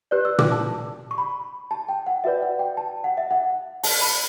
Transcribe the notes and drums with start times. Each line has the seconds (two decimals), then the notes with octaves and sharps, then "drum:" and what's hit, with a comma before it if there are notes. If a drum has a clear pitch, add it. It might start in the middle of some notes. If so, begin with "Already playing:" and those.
0.11 G4 B4 D5 F#6
0.25 E6
0.39 D6, drum: tom A#2
0.52 A5
1.11 C#6
1.18 B5
1.71 A5
1.88 G5
2.07 F#5
2.24 F#4 B4 D5 E5
2.42 F#5
2.59 G5
2.77 A5
3.04 F#5
3.17 E5
3.31 F#5
3.83 A5, drum: open hi-hat
4.01 B5